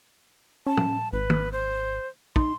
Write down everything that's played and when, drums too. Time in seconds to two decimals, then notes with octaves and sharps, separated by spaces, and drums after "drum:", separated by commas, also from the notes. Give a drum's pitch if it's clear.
0.67 C#4 A5
0.77 drum: tom
1.13 G#1 B4
1.30 drum: tom
1.52 C5
2.36 D#4 C6, drum: kick